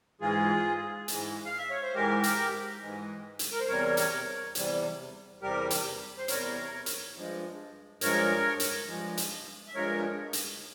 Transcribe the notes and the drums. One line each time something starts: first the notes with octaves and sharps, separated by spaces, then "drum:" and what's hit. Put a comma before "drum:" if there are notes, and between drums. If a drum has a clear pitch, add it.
G#2 E3 G#3 F4 G#4
G#2 E3 G#3, drum: hi-hat
F5
E5
C#5
C5
G#2 E3 G#3 G4 A#4
drum: hi-hat
G#2 E3 G#3
drum: hi-hat
A#4
C5
E2 C3 G3 A#4 C#5
drum: hi-hat
E2 C3 G3, drum: hi-hat
E2 C3 G3 G4 A#4
drum: hi-hat
C5
E2 C3 G3 A#4 C#5, drum: hi-hat
drum: hi-hat
G2 F3 G#3
G2 F3 G#3 A#4 C#5, drum: hi-hat
drum: hi-hat
G2 F3 G#3
drum: hi-hat
E5
G2 F3 G#3 A#4 C#5
drum: hi-hat